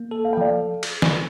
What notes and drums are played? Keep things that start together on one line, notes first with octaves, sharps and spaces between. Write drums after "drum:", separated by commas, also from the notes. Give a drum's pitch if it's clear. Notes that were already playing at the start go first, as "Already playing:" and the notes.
Already playing: A#3
A4
F5
G5
F3 D5 F5
drum: cymbal
drum: snare